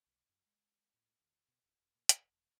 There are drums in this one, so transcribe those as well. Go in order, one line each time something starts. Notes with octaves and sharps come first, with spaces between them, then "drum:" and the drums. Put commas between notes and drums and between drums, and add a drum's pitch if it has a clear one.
B1
F#2
G#3
A2
D2
B2
D1
E1
A#2
A#2, drum: hi-hat
E1